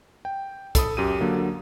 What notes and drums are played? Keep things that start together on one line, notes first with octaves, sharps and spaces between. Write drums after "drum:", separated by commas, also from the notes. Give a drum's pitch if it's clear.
G5
A4 B5 D#6, drum: kick C2, hi-hat
F#2 G4 D#7
D3 F#3 A#3